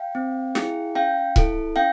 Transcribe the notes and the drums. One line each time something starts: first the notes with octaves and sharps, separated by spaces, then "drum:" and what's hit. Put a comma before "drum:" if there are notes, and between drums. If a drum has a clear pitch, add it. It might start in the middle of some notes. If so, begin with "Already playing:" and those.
Already playing: F5 G5
C4
E4 G#4, drum: snare
C#4 F5 G5
E4 A4, drum: kick
C#4 F5 G5